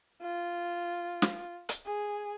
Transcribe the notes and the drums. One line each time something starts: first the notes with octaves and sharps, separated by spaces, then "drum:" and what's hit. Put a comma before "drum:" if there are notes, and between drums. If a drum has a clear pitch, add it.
F4
drum: snare
drum: hi-hat
G#4